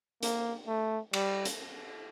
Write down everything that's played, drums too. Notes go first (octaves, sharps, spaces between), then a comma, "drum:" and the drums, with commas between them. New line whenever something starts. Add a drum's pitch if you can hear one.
A#3, drum: hi-hat
A3
G3, drum: cymbal
drum: hi-hat